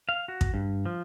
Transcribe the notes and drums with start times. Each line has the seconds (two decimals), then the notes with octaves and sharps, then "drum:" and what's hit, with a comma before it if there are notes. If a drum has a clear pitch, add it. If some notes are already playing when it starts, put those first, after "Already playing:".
0.09 F5
0.28 F#4
0.41 drum: kick
0.54 G2
0.86 F3